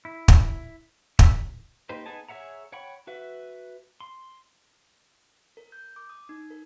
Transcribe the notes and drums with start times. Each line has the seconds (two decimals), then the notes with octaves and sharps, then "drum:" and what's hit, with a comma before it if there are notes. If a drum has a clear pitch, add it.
0.05 E4
0.28 drum: kick
1.19 E5, drum: kick
1.89 A#3 D#4 G4 B4 C5
2.06 B3 D#4 G#4 G#5 A5
2.29 G#4 C#5 E5 F#5 A#5
2.72 C#5 F#5 G5 B5 C#6
3.07 F#4 B4 E5
4.00 C6
5.57 A#4
5.72 G6
5.96 D6
6.10 D#6
6.29 D#4
6.50 A#4